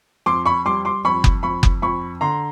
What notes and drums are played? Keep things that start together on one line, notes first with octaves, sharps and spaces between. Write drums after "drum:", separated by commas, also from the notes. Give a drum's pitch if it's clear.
F2 C6 D6
B5 C#6
G3 C6 D6
C6 D6
F2 B5 C#6
drum: kick F#1
F2 B5 C#6
drum: kick F#1
F2 B5 C#6
D3 A#5 C6